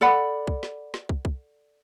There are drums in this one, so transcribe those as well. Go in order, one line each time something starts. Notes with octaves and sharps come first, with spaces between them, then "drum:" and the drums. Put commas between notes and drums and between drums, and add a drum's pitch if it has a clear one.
A4 D5 F#5 B5
drum: kick
drum: snare
drum: snare
drum: kick
drum: kick